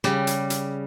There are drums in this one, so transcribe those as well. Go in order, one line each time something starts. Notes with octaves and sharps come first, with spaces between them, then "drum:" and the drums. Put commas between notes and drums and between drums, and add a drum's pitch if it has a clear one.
C#3 G3, drum: snare
drum: hi-hat
drum: hi-hat